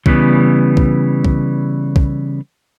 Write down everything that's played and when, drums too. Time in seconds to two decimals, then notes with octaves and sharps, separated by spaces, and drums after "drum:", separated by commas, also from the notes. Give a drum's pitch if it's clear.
0.06 C#3 E3 G3 B3, drum: kick
0.77 drum: kick
1.25 drum: kick
1.96 drum: kick